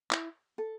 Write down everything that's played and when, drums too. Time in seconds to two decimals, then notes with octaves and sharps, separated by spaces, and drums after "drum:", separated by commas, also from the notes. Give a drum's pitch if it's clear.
0.11 E4, drum: clap
0.58 A4